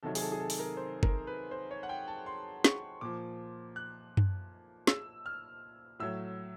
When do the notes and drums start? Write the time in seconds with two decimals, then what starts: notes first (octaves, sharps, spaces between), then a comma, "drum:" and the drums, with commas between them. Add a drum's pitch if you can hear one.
0.03 C3 D#3 F#3 A4
0.15 G#4, drum: open hi-hat
0.21 A4
0.32 G#4
0.40 A4
0.50 drum: open hi-hat
0.59 A#4
0.77 C5
1.03 A#4, drum: kick
1.27 B4
1.51 C5
1.71 C#5
1.83 F#5
1.89 G5
2.08 A5
2.26 C6
2.64 C#6, drum: snare
3.01 A#2 F3 D6
3.76 F#6
4.17 drum: tom F#2
4.87 E6, drum: snare
5.26 F6
5.99 A2 F#3 E6